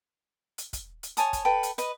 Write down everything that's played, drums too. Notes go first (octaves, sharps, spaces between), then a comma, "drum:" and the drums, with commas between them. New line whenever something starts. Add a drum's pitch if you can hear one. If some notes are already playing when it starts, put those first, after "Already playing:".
drum: hi-hat
drum: kick, hi-hat
drum: hi-hat
C#5 G#5 A5 D#6, drum: hi-hat
drum: kick, hi-hat
A4 B4 G5
drum: hi-hat
B4 D#5, drum: hi-hat